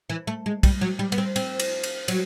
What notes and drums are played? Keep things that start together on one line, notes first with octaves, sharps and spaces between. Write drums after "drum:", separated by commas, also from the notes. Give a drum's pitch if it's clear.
E3
A3
G#3
G3, drum: kick, cymbal
F#3
G3
B3, drum: cymbal
C4
C4, drum: cymbal
drum: cymbal
drum: cymbal
F#3, drum: cymbal